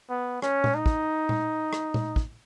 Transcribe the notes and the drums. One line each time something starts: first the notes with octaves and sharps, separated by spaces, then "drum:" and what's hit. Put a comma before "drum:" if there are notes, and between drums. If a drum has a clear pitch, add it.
B3
C#4, drum: rim click
drum: tom A#2
D#4
drum: kick
drum: tom A#2
drum: rim click
drum: tom A#2
drum: kick